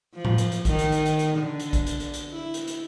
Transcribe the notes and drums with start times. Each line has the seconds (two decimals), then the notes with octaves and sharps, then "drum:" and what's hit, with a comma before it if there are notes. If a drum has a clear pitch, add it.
0.15 F3
0.25 drum: tom A2
0.38 drum: hi-hat
0.52 drum: hi-hat
0.65 D#3, drum: kick A#1, hi-hat
0.79 drum: hi-hat
0.92 drum: hi-hat
1.06 drum: hi-hat
1.19 drum: hi-hat
1.38 D3
1.60 drum: hi-hat
1.73 drum: kick A#1, hi-hat
1.87 drum: hi-hat
2.00 drum: hi-hat
2.14 drum: hi-hat
2.32 E4
2.54 drum: hi-hat
2.68 drum: hi-hat